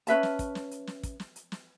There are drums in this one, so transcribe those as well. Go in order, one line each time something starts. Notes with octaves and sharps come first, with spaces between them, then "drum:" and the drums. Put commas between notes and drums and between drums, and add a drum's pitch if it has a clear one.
C#4 B4 E5 A5, drum: hi-hat
drum: snare
drum: kick, hi-hat
drum: snare
drum: hi-hat
drum: snare
drum: kick, hi-hat
drum: snare
drum: hi-hat
drum: snare